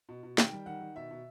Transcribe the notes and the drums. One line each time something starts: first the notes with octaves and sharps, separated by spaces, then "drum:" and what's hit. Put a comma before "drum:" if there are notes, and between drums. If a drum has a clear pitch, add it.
B2
B2
D#3 G5, drum: snare
G3
D#3 F#5
D#3
B2 E5
B2